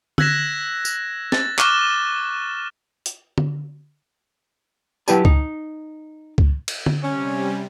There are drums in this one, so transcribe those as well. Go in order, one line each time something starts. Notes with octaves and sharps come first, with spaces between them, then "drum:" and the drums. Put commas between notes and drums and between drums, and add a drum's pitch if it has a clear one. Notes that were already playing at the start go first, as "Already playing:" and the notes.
E6 F#6 G#6 A#6 B6 E7, drum: tom D3
drum: tambourine
A6, drum: snare
C#6 D6 F6 F#6 E7 G7, drum: clap
drum: hi-hat
drum: tom D3
F#3 E4 G4 B4 G#5 A5, drum: tambourine
D#4, drum: kick C#2
drum: kick C#2
drum: cymbal
drum: tom D3
C3 G3 C#4